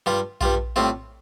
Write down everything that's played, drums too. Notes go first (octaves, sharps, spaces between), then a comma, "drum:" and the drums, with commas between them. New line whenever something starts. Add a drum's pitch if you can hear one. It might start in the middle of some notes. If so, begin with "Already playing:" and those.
G2 G3 F4
G2 G3 F4, drum: kick A#1
A2 G3 C4 F4